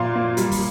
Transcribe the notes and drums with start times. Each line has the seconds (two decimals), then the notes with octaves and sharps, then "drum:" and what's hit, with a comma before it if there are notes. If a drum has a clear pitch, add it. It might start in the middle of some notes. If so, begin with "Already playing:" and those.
Already playing: A#2 F3 A#3 F4 C6
0.15 A#3
0.37 G3, drum: hi-hat
0.51 drum: kick, open hi-hat